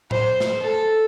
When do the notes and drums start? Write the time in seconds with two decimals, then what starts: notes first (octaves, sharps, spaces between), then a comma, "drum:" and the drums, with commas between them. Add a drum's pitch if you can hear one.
0.11 C5, drum: tom A2
0.40 drum: snare
0.61 A4